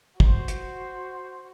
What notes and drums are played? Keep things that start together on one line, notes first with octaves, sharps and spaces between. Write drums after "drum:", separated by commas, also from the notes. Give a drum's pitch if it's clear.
F#4 C5, drum: kick
drum: hi-hat